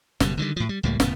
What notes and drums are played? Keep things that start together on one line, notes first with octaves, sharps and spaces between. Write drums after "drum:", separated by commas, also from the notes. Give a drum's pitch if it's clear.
F#1 B2 G3, drum: snare
D3 D#3 F#3 G3
A2 F3
G3
C#2 A2 G3 A#3
D#1 A2 C#3 B3, drum: snare